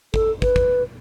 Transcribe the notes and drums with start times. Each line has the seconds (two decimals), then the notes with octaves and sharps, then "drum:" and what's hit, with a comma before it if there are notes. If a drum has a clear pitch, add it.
0.14 A4, drum: kick
0.42 B4, drum: kick
0.56 drum: kick